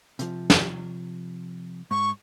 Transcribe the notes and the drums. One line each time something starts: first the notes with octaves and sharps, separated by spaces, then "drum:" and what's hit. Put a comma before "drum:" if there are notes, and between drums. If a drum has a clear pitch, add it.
C3 F3, drum: hi-hat
drum: snare
G#2 C#6